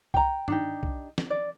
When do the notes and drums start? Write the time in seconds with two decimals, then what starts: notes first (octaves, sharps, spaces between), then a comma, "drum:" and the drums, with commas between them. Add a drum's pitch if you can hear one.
0.14 G5 A#5, drum: kick
0.48 D4 D#4 G4, drum: tom
0.83 drum: kick
1.18 drum: snare
1.30 D5